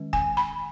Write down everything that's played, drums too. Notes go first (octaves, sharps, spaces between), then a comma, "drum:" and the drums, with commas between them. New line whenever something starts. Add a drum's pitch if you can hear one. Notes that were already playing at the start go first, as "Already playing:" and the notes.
Already playing: D#3 G#3 C#4
G#5, drum: kick
B5